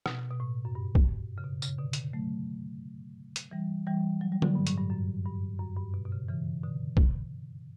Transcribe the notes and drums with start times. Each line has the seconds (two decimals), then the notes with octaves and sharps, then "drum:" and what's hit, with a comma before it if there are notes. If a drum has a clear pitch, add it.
0.06 B2, drum: rim click
0.30 B2
0.40 A2
0.65 F#2
0.75 G2
0.95 drum: kick
1.38 C#3
1.44 B2
1.62 C#3, drum: tambourine
1.78 B2 D3
1.93 drum: hi-hat
2.13 F#3 A3
3.36 drum: hi-hat
3.51 E3 G3
3.87 E3 G3
4.21 F#3
4.32 G3
4.42 D3 F#3, drum: tom D3
4.55 G2
4.67 A2, drum: hi-hat
4.78 G2
4.90 F#2
5.26 G2
5.59 F#2
5.77 G2
5.94 B2
6.05 B2
6.12 C#3
6.29 C#3 E3
6.63 B2 D3
6.97 drum: kick